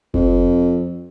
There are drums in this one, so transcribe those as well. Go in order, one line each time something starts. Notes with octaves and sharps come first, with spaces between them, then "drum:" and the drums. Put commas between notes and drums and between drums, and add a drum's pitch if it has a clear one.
F2, drum: kick F#1